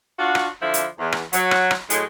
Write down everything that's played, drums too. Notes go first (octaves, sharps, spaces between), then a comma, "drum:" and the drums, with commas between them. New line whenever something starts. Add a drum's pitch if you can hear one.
D4 F4 F#4
drum: rim click
D3 F3 D4 E4
drum: hi-hat
E2
drum: rim click
F#3, drum: hi-hat
drum: rim click
drum: rim click
A2 F#3 G#3, drum: hi-hat